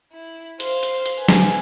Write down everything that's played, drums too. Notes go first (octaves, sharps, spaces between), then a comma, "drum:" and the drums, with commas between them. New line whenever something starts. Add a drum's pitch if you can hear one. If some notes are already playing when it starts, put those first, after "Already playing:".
E4
C5 F5, drum: hi-hat
drum: hi-hat
drum: hi-hat
B4 G#5
drum: snare